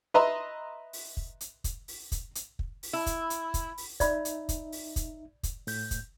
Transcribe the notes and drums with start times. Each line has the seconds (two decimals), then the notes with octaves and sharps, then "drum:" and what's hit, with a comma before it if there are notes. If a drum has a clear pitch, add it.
0.14 B4 D#5 E5 A#5 C6
0.93 drum: open hi-hat
1.17 drum: kick
1.41 drum: hi-hat
1.64 drum: kick, hi-hat
1.88 drum: open hi-hat
2.12 drum: kick, hi-hat
2.35 drum: hi-hat
2.59 drum: kick
2.83 drum: open hi-hat
2.93 E4
3.06 drum: kick, hi-hat
3.30 drum: hi-hat
3.54 drum: kick, hi-hat
3.78 drum: open hi-hat
4.00 D#4 D5 E5 B5, drum: kick, hi-hat
4.25 drum: hi-hat
4.49 drum: kick, hi-hat
4.72 drum: open hi-hat
4.96 drum: kick, hi-hat
5.43 drum: kick, hi-hat
5.67 A2 G6, drum: open hi-hat
5.91 drum: kick, hi-hat